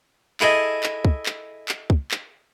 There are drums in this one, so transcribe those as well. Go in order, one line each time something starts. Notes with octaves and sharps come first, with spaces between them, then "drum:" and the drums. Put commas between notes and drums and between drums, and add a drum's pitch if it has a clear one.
E4 G#4 A4 D#5, drum: clap
drum: clap
drum: kick
drum: clap
drum: clap
drum: kick
drum: clap